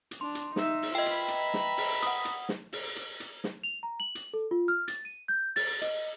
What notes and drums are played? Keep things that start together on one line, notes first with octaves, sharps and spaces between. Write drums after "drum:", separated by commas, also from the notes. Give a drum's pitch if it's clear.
drum: hi-hat
D4 C6
drum: hi-hat
D#4 E5, drum: snare
drum: open hi-hat
F4 B4 D#5 E5 G5 B5
drum: hi-hat
A#5, drum: hi-hat
drum: snare
drum: open hi-hat
F#5 D#6, drum: hi-hat
drum: hi-hat
drum: snare
drum: open hi-hat
drum: hi-hat
drum: hi-hat
drum: snare
F7
A#5
F#7
drum: hi-hat
A4
F4
F6
A6, drum: hi-hat
D#7
G6
A6, drum: open hi-hat
D#5, drum: hi-hat